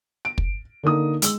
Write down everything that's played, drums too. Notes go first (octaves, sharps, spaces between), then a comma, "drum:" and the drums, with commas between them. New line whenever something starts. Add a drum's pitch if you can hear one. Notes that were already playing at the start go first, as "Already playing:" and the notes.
D7
drum: kick
D3 A#3 D#4 D#6
G#3 E6, drum: hi-hat